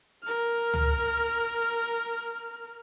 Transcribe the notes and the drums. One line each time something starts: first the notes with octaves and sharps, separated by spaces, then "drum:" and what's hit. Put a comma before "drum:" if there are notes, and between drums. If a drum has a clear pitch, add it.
A#4 F6
drum: tom C#2